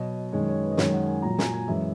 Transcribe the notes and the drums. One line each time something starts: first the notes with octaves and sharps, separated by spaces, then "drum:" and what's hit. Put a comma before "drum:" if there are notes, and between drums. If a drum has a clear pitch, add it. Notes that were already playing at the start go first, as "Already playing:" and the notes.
Already playing: B2 F#3 D#5
F#2 D#3 G#3 C#5
C#5
B4
D#5
F#2 D#3 G#3 C#5, drum: snare
F#5
G#5
A#2 F#3 A#5
G#5, drum: snare
G#5
F#2 E3 G#3 E5